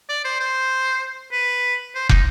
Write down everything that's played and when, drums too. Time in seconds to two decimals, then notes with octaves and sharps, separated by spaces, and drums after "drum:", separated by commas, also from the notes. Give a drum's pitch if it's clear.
0.09 D5
0.24 C5
0.40 C5
1.32 B4
1.95 C5
2.09 D#4, drum: kick